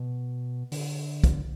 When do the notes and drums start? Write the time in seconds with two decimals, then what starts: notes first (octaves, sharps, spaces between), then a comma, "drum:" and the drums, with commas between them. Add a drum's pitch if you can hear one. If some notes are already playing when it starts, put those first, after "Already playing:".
Already playing: B2
0.72 D3, drum: open hi-hat
1.24 drum: kick, hi-hat